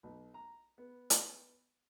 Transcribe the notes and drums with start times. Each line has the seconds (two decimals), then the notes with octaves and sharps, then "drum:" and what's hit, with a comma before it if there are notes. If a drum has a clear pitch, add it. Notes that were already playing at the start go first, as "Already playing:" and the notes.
0.03 B1
0.34 A#5
0.78 B3
1.10 drum: hi-hat